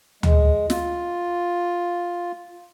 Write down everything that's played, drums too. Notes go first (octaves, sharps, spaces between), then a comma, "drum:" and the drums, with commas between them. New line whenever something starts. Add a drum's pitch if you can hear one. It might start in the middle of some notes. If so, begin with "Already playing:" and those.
G#3, drum: tom D2
F4, drum: snare